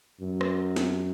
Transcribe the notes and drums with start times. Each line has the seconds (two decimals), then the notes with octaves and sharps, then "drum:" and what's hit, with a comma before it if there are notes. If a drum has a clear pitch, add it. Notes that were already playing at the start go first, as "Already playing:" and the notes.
0.21 F#2
0.41 drum: rim click
0.76 drum: snare